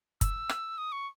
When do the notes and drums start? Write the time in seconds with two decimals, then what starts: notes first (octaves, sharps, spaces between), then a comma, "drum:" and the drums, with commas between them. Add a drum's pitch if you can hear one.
0.21 E6, drum: kick F#1, hi-hat
0.49 drum: rim click
0.78 D#6
0.92 C#6